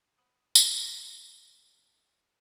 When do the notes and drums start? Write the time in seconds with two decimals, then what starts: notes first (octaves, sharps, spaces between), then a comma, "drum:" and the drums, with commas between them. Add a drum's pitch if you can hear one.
0.17 C5 F#5 B5 D#6 D#7 F#7
0.55 drum: tambourine